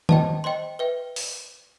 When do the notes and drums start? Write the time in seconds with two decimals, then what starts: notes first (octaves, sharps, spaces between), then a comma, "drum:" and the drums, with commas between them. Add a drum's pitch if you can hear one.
0.09 C5 D#5 G5 A5, drum: tom
0.44 C5 D#5 G5 C6
0.79 B4 E5 G5
1.16 drum: open hi-hat